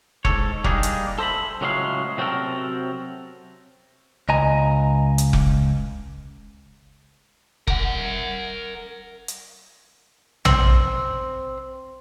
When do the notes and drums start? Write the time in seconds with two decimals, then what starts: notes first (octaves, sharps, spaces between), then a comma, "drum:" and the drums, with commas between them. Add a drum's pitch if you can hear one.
0.25 G#2 C3 A4 C#5, drum: kick F1
0.64 G3 A#3 D4 D#4 G#4, drum: kick F1
0.83 drum: hi-hat
1.19 A4 C5 D#5 E5 B5
1.61 C#2 A2 F#3 G#3 G4 F5
2.17 C3 F#3 C4 F#4 A4 A#4
4.29 C#2 D#5 G#5 A#5
5.18 drum: hi-hat
5.33 drum: kick F1
7.67 A#4 F#5, drum: kick F1
9.28 drum: hi-hat
10.45 C4, drum: tom A#1